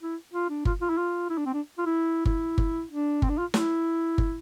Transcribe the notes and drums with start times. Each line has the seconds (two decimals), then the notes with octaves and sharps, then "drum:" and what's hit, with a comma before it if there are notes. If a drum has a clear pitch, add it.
0.01 E4
0.33 F4
0.49 D4
0.65 F4, drum: kick G1
0.81 F4
0.90 E4
0.97 F4
1.30 E4
1.38 D4
1.46 C4
1.53 D4
1.78 F4
1.86 E4
2.25 E4, drum: kick G1
2.58 drum: kick G1
2.90 D4
3.22 C4, drum: kick G1
3.29 D4
3.38 F4
3.54 E4, drum: snare
4.18 drum: kick G1